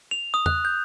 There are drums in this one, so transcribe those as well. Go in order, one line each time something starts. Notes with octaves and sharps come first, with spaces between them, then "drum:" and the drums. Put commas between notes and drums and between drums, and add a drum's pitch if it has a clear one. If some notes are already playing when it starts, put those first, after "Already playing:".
F7
D#6
F#6, drum: tom E2
G6